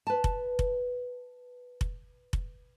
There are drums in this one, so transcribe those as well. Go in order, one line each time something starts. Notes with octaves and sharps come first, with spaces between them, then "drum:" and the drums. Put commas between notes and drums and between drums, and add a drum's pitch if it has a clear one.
B4 A5
drum: kick F1
drum: kick F1
drum: kick F1
drum: kick F1